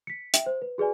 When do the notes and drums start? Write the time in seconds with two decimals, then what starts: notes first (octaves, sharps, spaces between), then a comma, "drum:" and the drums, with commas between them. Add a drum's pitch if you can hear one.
0.07 B6 C#7
0.34 E5 G5, drum: hi-hat
0.46 C5
0.62 B4
0.78 F#4 G#4 B4 D5 G#5